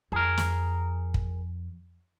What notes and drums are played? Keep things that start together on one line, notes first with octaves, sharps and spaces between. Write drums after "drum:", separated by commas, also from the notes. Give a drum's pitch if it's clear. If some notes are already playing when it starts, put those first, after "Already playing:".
F2 G#4 A#4
drum: snare
drum: kick